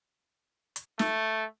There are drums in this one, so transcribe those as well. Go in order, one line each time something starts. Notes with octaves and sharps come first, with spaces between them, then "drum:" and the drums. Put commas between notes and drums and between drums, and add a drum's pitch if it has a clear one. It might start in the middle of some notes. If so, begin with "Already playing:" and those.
drum: hi-hat
A3, drum: snare